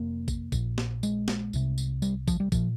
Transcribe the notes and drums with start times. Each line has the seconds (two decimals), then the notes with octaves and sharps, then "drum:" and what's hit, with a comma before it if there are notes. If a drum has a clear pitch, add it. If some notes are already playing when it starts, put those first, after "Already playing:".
Already playing: F1 F2 C3 A#3
0.28 drum: kick A1, tambourine
0.52 A#1 A#2, drum: kick A1, tambourine
0.78 drum: snare
1.03 G#3, drum: tambourine
1.28 drum: snare
1.53 C2 C3, drum: tambourine
1.78 drum: tambourine
2.02 G3, drum: tambourine
2.28 F3, drum: kick A1, tambourine
2.40 G3
2.52 A#2 F3, drum: kick A1, tambourine